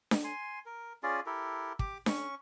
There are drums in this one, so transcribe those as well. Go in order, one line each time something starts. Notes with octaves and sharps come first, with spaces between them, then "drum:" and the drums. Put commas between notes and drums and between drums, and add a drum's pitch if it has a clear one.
drum: snare D4
G#5 C6
A#4
C#4 F4 G#4 D5
E4 G4 A4 A#4
G4 D6, drum: kick
C#4 C#6, drum: snare D4